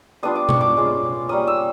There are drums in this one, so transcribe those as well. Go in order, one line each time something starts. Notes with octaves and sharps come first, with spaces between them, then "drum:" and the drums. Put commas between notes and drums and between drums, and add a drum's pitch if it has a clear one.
G3 B3 D4 F4 D#6
D6
C#6, drum: tom B2
D6
G#3 C#4 F4
G3 A#3 C#4 D#6
E6